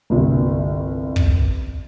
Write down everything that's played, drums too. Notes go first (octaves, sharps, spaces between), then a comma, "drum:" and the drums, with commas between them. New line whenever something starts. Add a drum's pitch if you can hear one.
G1 C2
drum: kick